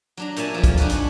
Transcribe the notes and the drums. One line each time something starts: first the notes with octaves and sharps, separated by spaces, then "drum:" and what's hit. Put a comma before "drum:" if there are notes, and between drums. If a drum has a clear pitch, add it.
F#3 D4 A#5
A#2 C#5 E5 G#5 A5, drum: hi-hat
F2 F3
drum: kick, hi-hat
D4 D#4 F#4 G#4 B4, drum: hi-hat
G#4 F#5, drum: hi-hat